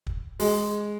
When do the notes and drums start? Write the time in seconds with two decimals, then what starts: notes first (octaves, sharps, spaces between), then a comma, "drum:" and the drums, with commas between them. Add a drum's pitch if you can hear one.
0.06 drum: kick
0.40 G#3, drum: open hi-hat